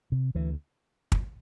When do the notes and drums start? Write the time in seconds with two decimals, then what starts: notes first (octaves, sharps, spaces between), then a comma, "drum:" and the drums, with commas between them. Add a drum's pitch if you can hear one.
0.12 C3
0.35 D2 E3
1.12 drum: kick